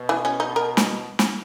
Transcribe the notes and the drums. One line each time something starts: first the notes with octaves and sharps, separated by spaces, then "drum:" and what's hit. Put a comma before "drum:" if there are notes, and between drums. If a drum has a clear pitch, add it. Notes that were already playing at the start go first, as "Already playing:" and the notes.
Already playing: B2
E3
C#4
D#4
A#4
drum: snare
drum: snare